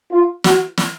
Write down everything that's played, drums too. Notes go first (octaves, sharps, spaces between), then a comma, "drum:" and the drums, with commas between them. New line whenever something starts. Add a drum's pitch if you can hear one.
F4
F#4, drum: snare
drum: snare